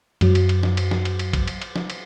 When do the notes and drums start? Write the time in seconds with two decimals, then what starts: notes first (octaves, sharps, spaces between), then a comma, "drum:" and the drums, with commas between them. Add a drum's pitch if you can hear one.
0.21 F#2 F#3, drum: cymbal
0.35 drum: cymbal
0.49 drum: cymbal
0.63 drum: snare
0.77 drum: cymbal
0.91 drum: snare
1.05 drum: cymbal
1.19 drum: cymbal
1.33 drum: kick A1, cymbal
1.47 drum: cymbal
1.62 drum: cymbal
1.76 drum: snare
1.90 drum: cymbal